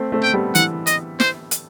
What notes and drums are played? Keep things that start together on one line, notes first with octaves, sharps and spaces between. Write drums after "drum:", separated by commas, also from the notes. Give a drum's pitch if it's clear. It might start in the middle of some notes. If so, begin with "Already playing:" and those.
Already playing: A3 C4
A3 C4
G5
G3 B3
E3 F#5, drum: hi-hat
D#5, drum: hi-hat
C5, drum: snare
drum: hi-hat